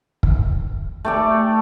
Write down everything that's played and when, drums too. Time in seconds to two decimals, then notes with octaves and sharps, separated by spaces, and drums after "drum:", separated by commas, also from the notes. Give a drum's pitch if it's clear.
0.23 drum: kick
1.05 A3 G4 D5